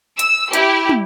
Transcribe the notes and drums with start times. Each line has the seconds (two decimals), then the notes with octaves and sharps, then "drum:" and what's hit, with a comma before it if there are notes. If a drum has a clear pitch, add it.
0.19 E6, drum: hi-hat
0.53 E4 G4, drum: hi-hat
0.89 drum: tom